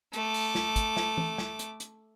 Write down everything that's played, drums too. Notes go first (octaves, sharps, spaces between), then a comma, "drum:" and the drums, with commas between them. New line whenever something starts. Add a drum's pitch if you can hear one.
A3 D6, drum: hi-hat
drum: open hi-hat
drum: snare
drum: kick, hi-hat
drum: snare
drum: tom E3
drum: snare
drum: hi-hat
drum: hi-hat